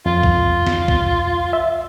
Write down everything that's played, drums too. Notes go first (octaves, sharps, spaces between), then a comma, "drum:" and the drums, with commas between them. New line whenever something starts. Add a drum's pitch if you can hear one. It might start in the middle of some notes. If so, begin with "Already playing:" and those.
F2 F4
drum: kick B1
drum: snare
drum: kick B1
E5